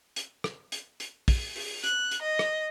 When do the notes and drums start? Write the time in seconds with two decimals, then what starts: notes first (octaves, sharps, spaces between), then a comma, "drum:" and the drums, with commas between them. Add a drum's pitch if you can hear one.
0.16 drum: hi-hat
0.44 drum: rim click
0.72 drum: hi-hat
1.00 drum: hi-hat
1.28 drum: kick, open hi-hat
1.56 drum: open hi-hat
1.84 F#6, drum: hi-hat
2.11 drum: hi-hat
2.22 D#5
2.39 drum: rim click